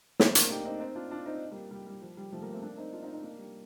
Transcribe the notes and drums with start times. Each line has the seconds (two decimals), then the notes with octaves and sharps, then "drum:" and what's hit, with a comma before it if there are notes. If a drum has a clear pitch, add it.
0.20 A3 C4, drum: snare
0.35 A#3 D4, drum: hi-hat
0.50 D#4 G4
0.65 C4 D#4
0.80 C4 D#4
0.95 D4 F4
1.11 D4 F4
1.26 C4 D#4
1.51 G3 A#3
1.71 G3
1.87 G3
2.02 F3
2.17 G3
2.32 F3 A3
2.42 G3 A#3
2.52 A3 C4
2.62 A#3 D4
2.77 C4 D#4
2.93 D4 F4
3.03 C4 D#4
3.13 C4 D#4
3.23 A#3 D4
3.38 G3